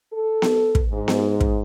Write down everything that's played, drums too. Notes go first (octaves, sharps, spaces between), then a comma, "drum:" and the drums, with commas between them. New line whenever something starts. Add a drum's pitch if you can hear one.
A4
drum: snare B3
drum: kick
G#2
drum: snare B3
drum: kick